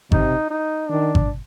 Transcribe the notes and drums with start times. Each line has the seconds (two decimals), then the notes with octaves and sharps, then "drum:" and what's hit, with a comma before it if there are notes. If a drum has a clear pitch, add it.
0.12 C3 D#4, drum: kick G#1
0.51 D#4
0.89 D#3 D4
1.15 drum: kick G#1